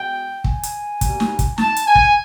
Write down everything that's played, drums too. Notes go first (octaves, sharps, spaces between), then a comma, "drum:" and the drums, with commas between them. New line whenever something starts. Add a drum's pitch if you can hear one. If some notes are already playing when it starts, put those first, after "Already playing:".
Already playing: B2 G#3 G5
G#5, drum: kick
drum: hi-hat
B2 G3 A#3, drum: kick, hi-hat
drum: snare
drum: kick, hi-hat
A5, drum: snare
drum: hi-hat
G#5
drum: kick